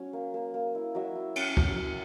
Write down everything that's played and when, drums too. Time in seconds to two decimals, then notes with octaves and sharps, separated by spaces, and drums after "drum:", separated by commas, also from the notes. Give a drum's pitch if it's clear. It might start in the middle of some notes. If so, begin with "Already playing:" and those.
Already playing: F#3 C#4
0.13 A#3
0.34 A#3
0.54 A#3
0.75 E4
0.95 F#3 E5
1.15 E4
1.36 C#4, drum: cymbal
1.57 F#3, drum: kick
1.77 E4